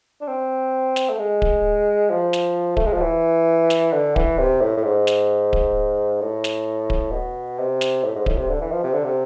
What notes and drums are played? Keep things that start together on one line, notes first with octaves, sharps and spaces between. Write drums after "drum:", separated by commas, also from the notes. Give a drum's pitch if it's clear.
D4
C4
drum: snare
A3
G#3
drum: kick D1
F3
drum: snare
A3, drum: kick D1
G#3
F3
E3
drum: snare
D3
E3, drum: kick D1
C3
A2
A2
G#2
drum: snare
drum: kick D1
A2
drum: snare
drum: kick D1
B2
C3
drum: snare
A2
G#2
A2, drum: kick D1
C3
D3
E3
F3
C3
D3
C3